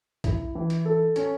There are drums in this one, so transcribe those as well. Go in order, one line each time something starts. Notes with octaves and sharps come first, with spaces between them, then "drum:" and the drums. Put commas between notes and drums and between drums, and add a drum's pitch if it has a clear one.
E4, drum: kick, hi-hat
E3
drum: hi-hat
A4
C#4, drum: hi-hat